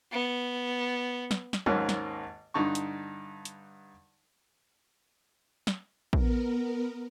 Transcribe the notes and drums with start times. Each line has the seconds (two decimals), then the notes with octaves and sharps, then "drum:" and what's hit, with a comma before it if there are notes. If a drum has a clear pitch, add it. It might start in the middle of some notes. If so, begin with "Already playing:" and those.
0.12 B3
1.31 drum: snare
1.53 drum: snare
1.66 G#1 D#2 G#2 D#3 A#3 C#4, drum: tom
1.89 drum: snare
2.54 G2 D3 D#4 A5 C#6
2.75 drum: hi-hat
3.45 drum: hi-hat
5.67 drum: snare
6.13 B3 A#4, drum: kick